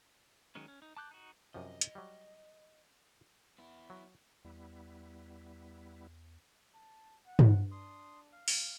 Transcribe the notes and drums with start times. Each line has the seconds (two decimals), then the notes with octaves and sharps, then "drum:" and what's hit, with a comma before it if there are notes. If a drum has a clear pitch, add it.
0.55 D#3 F#3 G#3 C#4
0.68 C#4
0.82 D#4
0.97 A5 D6 F#6 G6
1.11 D#4 F#4
1.54 F#2 C3 F3 D#5
1.81 drum: hi-hat
1.95 F#3 G3
3.58 B3 E4
3.90 F#3
4.45 E2 G3 B3 E4
6.74 A5
7.26 F#5
7.39 drum: tom
7.71 D4 C6 D#6
8.32 F5
8.48 drum: open hi-hat